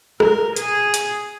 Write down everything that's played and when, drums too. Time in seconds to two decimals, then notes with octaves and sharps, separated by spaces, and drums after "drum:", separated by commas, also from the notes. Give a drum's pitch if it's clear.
0.20 A#4, drum: rim click
0.56 G#4, drum: hi-hat
0.94 drum: hi-hat